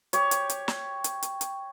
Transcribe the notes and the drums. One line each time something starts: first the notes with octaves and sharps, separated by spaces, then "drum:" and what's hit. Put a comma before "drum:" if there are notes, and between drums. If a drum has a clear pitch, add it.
G4 C#5, drum: hi-hat
drum: hi-hat
drum: hi-hat
drum: snare
drum: hi-hat
drum: hi-hat
drum: hi-hat